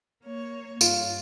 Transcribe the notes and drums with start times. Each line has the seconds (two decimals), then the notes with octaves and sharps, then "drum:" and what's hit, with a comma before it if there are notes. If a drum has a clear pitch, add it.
0.23 A#3 C#5
0.81 G2 F4, drum: tambourine